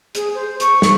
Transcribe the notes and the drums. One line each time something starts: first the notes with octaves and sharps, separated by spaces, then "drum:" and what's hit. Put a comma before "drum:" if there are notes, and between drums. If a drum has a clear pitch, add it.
G#4, drum: hi-hat
C5
C#6, drum: hi-hat
drum: snare